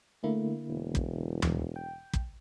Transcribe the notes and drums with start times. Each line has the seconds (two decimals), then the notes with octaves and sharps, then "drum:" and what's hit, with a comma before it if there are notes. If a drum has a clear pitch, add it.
0.24 D3 A3 A#3 E4
0.69 E1
0.95 drum: kick
1.42 drum: tom
1.76 G5
2.13 drum: kick